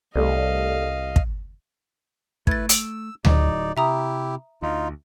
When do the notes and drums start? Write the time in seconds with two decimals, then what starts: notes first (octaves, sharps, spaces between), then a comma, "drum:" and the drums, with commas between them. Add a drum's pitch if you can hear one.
0.16 C2 G3 A3 D#5 F5
1.16 drum: kick
2.47 A3 E4 B4 G#6 A6, drum: kick
2.69 E6 D7, drum: hi-hat
3.25 D1 F#3 D#4 D5, drum: tom D2
3.77 C3 E4 G4 E5 A#5 D#6
4.62 D2 D#4 F4